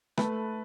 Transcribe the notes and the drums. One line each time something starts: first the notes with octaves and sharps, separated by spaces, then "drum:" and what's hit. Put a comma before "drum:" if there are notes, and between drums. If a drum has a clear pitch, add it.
A3 A4 B4, drum: rim click